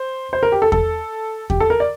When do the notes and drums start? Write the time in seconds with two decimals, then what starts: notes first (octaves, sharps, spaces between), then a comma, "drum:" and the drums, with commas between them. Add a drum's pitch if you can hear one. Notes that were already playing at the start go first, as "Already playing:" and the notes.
Already playing: C5
0.33 C5
0.43 A#4
0.52 G4
0.62 A4
0.72 A4, drum: kick E2
1.50 G4, drum: kick E2
1.60 A4
1.70 A#4
1.80 D5